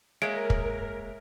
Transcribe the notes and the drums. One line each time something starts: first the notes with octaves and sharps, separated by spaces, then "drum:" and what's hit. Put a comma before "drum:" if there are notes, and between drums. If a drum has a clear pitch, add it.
G#3 A#3 A#4 C#5 E5 D7
drum: kick